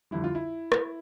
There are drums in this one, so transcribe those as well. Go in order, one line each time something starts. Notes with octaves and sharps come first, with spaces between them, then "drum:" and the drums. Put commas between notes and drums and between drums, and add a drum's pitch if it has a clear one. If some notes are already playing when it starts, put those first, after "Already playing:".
F2 D3 G3 E4
F4
E4
drum: rim click